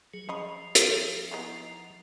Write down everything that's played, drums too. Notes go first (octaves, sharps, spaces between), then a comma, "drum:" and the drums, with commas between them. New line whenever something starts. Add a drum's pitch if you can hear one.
F#3 G#4
F3 C#4 D#5 B5
drum: hi-hat
E3 B3 D#4